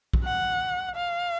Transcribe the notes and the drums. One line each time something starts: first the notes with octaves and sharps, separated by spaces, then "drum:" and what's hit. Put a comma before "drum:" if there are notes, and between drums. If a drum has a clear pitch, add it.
drum: kick
F#5
F5